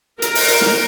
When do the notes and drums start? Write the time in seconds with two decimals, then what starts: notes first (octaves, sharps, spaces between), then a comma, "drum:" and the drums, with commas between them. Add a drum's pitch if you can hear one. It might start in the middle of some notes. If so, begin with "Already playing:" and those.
0.22 A#4, drum: hi-hat
0.35 drum: open hi-hat
0.48 drum: hi-hat
0.61 drum: snare